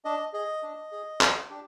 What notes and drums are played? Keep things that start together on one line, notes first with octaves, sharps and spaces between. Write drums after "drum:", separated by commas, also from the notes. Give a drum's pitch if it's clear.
D4 D#5
G#4 D#5
D4
G#4
B3, drum: clap
D4 G4